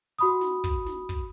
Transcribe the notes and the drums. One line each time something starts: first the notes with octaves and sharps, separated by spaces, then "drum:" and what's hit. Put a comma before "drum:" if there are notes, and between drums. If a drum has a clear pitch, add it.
F#4 B5 D#6, drum: hi-hat
drum: snare
drum: kick, hi-hat
drum: snare
drum: kick, hi-hat